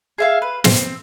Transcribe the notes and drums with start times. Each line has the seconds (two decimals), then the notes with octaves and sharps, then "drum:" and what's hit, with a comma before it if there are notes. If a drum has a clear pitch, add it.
0.18 G#4 E5 F5
0.42 B4
0.64 C4, drum: snare